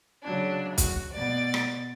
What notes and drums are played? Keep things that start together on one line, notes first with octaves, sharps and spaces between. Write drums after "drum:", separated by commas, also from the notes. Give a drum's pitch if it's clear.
C#3 F#3 D4
F#4, drum: kick, hi-hat
B2 D5 A6
drum: rim click